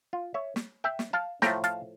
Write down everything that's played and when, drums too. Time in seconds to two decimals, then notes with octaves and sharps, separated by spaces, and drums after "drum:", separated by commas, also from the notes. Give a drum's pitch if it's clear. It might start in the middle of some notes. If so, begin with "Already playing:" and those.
0.13 F4
0.34 C#5 E5
0.56 drum: snare
0.84 E5 G5
0.99 drum: snare
1.13 F5 A5
1.42 A2 F3 A3 G5 A#5, drum: snare
1.64 F5 A5, drum: hi-hat